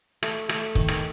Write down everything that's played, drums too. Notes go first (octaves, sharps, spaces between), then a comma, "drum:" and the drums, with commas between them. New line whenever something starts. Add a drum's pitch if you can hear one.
A3, drum: rim click
A3, drum: rim click
D#3, drum: kick
drum: rim click